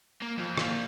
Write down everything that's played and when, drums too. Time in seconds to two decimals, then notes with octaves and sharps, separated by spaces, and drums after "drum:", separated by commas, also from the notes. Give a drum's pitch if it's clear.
0.22 A#3
0.37 F2 F3
0.57 A#2 F3, drum: rim click